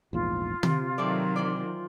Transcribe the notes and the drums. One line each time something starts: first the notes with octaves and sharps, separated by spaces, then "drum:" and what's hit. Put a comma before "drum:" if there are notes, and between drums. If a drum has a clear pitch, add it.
A#1 E2 G#2 F4
C3, drum: tom
D#3 F#3 A3 C4 D5
E3 C5 D5